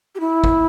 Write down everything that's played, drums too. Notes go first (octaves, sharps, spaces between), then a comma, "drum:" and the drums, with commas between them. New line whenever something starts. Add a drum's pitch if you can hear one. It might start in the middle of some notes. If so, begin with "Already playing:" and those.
G4
E4
drum: kick